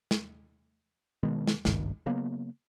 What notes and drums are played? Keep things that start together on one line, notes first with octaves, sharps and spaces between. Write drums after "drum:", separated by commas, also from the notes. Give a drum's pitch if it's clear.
drum: snare
B2 D#3 G#3 B3
drum: snare
G#1 C#2 G2 D#3, drum: snare
C#3 F#3 A#3 B3